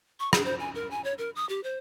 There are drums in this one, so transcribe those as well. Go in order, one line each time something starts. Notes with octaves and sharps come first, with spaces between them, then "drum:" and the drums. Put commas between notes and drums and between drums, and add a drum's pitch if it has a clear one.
C#6
G#4, drum: rim click
C5
G#5
A#4
G#5
C#5
A#4
D#6
G4
C5